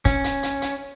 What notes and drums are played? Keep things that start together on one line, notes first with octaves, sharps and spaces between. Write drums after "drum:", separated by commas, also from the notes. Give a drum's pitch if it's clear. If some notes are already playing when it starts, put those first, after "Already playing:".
C#4, drum: kick, hi-hat
drum: hi-hat
drum: hi-hat
drum: hi-hat